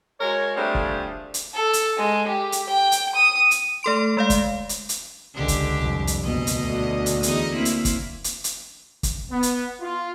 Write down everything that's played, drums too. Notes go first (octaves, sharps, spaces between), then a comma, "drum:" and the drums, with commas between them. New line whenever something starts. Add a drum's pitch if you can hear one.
G#3 F#4 A#4 C#5
G3 A3 C4 D4 F4 G#4
drum: kick
drum: hi-hat
A4
drum: hi-hat
G#3
G4
drum: hi-hat
G5
drum: hi-hat
D#6
drum: hi-hat
A3 A4 C6 D7
G#3 D5 F5
drum: kick, hi-hat
drum: hi-hat
drum: hi-hat
C#2 D3 D4 G4
drum: kick, hi-hat
C2 F2
drum: hi-hat
F#1 B2 D#5
drum: hi-hat
D2 D4
drum: hi-hat
E2 D#4 D#5, drum: hi-hat
A#3 C4 E4
drum: hi-hat
drum: kick, hi-hat
drum: hi-hat
drum: hi-hat
drum: kick, hi-hat
B3
drum: hi-hat
F4